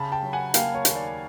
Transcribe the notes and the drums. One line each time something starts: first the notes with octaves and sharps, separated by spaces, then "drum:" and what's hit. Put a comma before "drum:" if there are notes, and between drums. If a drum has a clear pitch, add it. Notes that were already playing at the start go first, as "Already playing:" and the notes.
Already playing: C#3 A5 B5
G5 A5
F#3
F#5 G#5
A#3 F5 G5, drum: hi-hat
C#5
D#2, drum: hi-hat
D5